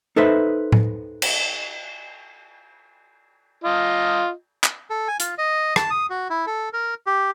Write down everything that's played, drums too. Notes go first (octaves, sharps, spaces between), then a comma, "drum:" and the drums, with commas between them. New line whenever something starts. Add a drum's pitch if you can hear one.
D#4 A4 B4 C5 E5
drum: tom A2
drum: cymbal
F4 D#5
drum: clap
A4
G#5
F4, drum: hi-hat
D#5
A5, drum: rim click
D#6
F#4
E4
A4
A#4
G4